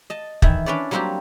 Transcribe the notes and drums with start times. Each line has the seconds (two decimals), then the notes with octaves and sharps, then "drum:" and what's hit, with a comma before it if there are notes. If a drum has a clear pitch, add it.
0.10 D#5 A5
0.42 D#3 E3 E4, drum: kick
0.66 C#4 D4 B4 C#5 D5
0.91 F#3 G3 A#3 C4 F#4 G4